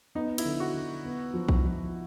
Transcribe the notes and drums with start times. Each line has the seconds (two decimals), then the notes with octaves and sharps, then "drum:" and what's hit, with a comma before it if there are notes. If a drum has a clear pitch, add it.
0.15 B3 D#4
0.38 E4, drum: cymbal
0.45 D3
0.60 F#4
0.74 D3
1.04 B3
1.34 F3
1.49 drum: kick B1
1.63 F3